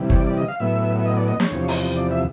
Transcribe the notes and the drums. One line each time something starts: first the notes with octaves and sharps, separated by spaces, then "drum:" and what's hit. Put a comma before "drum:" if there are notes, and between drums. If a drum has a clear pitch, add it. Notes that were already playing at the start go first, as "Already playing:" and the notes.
Already playing: C3 E3 G3
C#5, drum: kick
D5
D5
D#5
F5
A2 F#3 B3 E5
E5
D#5
D5
D#5
C#5, drum: snare
E2 C3 F3
drum: open hi-hat
D5
E5